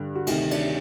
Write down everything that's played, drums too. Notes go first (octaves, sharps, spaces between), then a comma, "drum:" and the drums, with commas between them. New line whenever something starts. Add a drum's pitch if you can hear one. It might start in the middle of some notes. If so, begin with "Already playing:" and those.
Already playing: G2 D3
F#4
D2 C3 D#3 D#4, drum: cymbal
D4, drum: cymbal